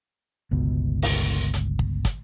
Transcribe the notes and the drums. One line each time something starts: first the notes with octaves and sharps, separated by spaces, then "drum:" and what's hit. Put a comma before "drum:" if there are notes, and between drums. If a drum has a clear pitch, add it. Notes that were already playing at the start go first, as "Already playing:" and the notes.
G1 C#2 B2
drum: open hi-hat
drum: hi-hat
drum: kick
drum: kick, hi-hat